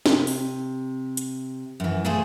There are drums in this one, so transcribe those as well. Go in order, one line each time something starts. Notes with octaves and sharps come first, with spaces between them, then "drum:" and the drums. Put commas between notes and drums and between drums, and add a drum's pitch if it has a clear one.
C3, drum: snare
drum: open hi-hat
drum: hi-hat
F#2 E3
A#2 A3 G#4 A4 C5